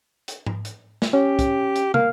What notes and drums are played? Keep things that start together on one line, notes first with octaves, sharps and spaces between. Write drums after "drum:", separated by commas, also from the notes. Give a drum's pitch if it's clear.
drum: hi-hat
drum: tom G#2
drum: hi-hat
drum: snare
C#4 G4
drum: kick, hi-hat
drum: hi-hat
A#3 F5, drum: tom